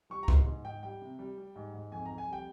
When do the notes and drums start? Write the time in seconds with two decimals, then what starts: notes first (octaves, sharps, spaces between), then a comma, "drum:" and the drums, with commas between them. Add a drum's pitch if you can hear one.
0.10 G3 C#6
0.23 A#5
0.28 G#2 C6, drum: kick C#2
0.46 G#2
0.65 G#2 G5
0.83 G3 G5
1.02 C3
1.19 G3
1.38 G3
1.56 G#2
1.74 G#2
1.91 F2 G#5
2.06 F2 A#5
2.18 G#5
2.28 G3 G5